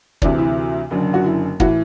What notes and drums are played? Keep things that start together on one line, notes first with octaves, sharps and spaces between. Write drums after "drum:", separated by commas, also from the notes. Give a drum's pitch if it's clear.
D2 C3 E3 D4, drum: kick
E4
F#1 F#2 D3
F#4
E4
A2 E3 F#4, drum: kick